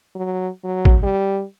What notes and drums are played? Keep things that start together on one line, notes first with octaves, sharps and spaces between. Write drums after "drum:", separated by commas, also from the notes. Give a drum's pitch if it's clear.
F#3
F#3
drum: kick
G3